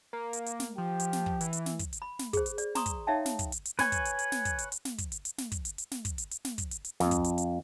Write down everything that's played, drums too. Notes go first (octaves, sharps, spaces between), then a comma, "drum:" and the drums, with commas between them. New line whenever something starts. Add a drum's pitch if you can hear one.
A#3
drum: hi-hat
drum: hi-hat
drum: snare
F3 G4
drum: hi-hat
drum: snare
drum: kick
E3, drum: hi-hat
drum: hi-hat
drum: snare
drum: kick, hi-hat
drum: hi-hat
B5
drum: snare
G#4 C5, drum: kick, hi-hat
drum: hi-hat
D5, drum: hi-hat
A#5 C6 C#6 D#6, drum: snare
drum: kick, hi-hat
D#4 C#5 E5 F5 G5 A5
drum: snare
drum: kick, hi-hat
drum: hi-hat
drum: hi-hat
B4 C#5 G#5, drum: snare
drum: kick, hi-hat
drum: hi-hat
drum: hi-hat
drum: snare
drum: kick, hi-hat
drum: hi-hat
drum: hi-hat
drum: snare
drum: kick, hi-hat
drum: hi-hat
drum: hi-hat
drum: snare
drum: kick, hi-hat
drum: hi-hat
drum: hi-hat
drum: snare
drum: kick, hi-hat
drum: hi-hat
drum: hi-hat
drum: snare
drum: kick, hi-hat
drum: hi-hat
drum: hi-hat
F2, drum: snare
drum: kick, hi-hat
drum: hi-hat
drum: hi-hat